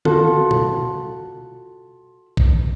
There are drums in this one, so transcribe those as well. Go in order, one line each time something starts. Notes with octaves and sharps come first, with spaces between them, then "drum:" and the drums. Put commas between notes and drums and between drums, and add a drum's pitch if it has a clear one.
F4 F#4 A4, drum: tom D3
drum: tom B2
drum: kick A#1